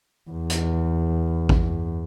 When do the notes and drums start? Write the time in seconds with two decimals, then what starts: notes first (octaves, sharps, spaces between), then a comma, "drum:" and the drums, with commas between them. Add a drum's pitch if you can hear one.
0.31 E2
0.50 drum: hi-hat
1.49 drum: kick A1